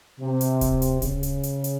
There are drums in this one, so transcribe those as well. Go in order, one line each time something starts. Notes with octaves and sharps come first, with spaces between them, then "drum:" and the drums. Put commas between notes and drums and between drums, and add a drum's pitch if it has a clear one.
C3
drum: hi-hat
drum: kick D1, hi-hat
drum: hi-hat
C#3, drum: kick D1, hi-hat
drum: hi-hat
drum: hi-hat
drum: hi-hat